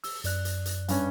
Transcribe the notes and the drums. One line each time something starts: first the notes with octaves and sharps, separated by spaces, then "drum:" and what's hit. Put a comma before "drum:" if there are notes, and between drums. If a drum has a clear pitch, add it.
E6, drum: open hi-hat
F#2 D5 F#6, drum: hi-hat
drum: hi-hat
drum: hi-hat
G2 C#4, drum: hi-hat